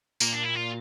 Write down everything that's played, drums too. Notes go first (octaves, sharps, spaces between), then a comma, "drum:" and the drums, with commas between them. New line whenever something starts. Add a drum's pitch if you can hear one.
A#2 A#3, drum: tambourine
D4
E4
F4